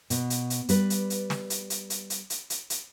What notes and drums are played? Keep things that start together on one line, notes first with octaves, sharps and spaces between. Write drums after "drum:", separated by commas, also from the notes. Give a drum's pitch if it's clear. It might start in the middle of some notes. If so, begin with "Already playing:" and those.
B2, drum: hi-hat
drum: hi-hat
drum: hi-hat
G3 B4, drum: hi-hat
drum: hi-hat
drum: hi-hat
drum: snare
drum: hi-hat
drum: hi-hat
drum: hi-hat
drum: hi-hat
drum: hi-hat
drum: hi-hat
drum: hi-hat